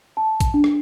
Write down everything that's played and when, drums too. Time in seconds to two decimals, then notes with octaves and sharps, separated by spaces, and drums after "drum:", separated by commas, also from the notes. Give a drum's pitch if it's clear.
0.17 A5
0.40 drum: kick, hi-hat
0.54 D4
0.64 drum: rim click